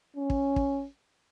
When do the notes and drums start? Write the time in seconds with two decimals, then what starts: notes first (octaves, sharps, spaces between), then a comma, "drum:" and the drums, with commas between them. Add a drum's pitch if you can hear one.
0.16 C#4
0.30 drum: kick
0.56 drum: kick